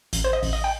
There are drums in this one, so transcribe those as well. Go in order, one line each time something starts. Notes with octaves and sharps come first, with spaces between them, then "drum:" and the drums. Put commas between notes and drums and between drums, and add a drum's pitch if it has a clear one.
A1, drum: hi-hat
C5
D#5
A1, drum: open hi-hat
D#5
G5